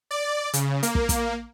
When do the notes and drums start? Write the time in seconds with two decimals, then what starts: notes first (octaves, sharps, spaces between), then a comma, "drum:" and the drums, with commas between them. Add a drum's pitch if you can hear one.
0.11 D5
0.53 C#3, drum: hi-hat
0.83 A#3, drum: hi-hat
0.95 drum: kick
1.09 drum: kick, hi-hat